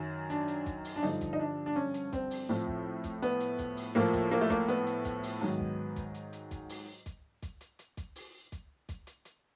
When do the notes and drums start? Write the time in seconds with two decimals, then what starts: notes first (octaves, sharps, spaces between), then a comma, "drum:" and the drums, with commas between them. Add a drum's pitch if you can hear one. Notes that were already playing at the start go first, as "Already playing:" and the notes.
Already playing: F#2 D#3 F#3
0.30 D4, drum: hi-hat
0.48 drum: hi-hat
0.66 drum: kick, hi-hat
0.85 drum: open hi-hat
0.96 D4
1.03 G2 D3 F3 D#4
1.21 drum: kick, hi-hat
1.33 D#4
1.39 D4
1.66 D4
1.76 C#4
1.94 drum: hi-hat
2.13 C4, drum: kick, hi-hat
2.31 drum: open hi-hat
2.49 A2 F3
2.67 drum: kick
3.04 drum: kick, hi-hat
3.22 B3, drum: hi-hat
3.40 drum: hi-hat
3.59 drum: kick, hi-hat
3.77 drum: open hi-hat
3.95 A2 F3 A#3
4.14 drum: kick, hi-hat
4.31 A#3
4.41 A3
4.50 A#3, drum: kick, hi-hat
4.68 B3, drum: hi-hat
4.87 drum: hi-hat
5.05 drum: kick, hi-hat
5.23 drum: open hi-hat
5.41 G#2 D#3 F#3
5.60 drum: kick
5.96 drum: kick, hi-hat
6.15 drum: hi-hat
6.33 drum: hi-hat
6.51 drum: kick, hi-hat
6.69 drum: open hi-hat
7.06 drum: kick, hi-hat
7.43 drum: kick, hi-hat
7.61 drum: hi-hat
7.79 drum: hi-hat
7.97 drum: kick, hi-hat
8.16 drum: open hi-hat
8.52 drum: kick, hi-hat
8.89 drum: kick, hi-hat
9.07 drum: hi-hat
9.25 drum: hi-hat